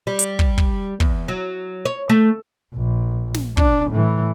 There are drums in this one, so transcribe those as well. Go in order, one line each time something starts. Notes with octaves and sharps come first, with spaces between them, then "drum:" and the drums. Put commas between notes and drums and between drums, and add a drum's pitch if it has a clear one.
G3
drum: hi-hat
drum: kick
drum: kick
E2, drum: kick
F#3
C#5
A3
A#1
drum: snare
D4, drum: kick
A2 E3